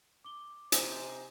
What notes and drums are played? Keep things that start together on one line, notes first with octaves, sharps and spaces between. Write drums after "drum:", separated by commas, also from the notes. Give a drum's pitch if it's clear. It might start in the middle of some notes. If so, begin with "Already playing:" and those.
D6 G7
C3 D#4 C5 G#5, drum: hi-hat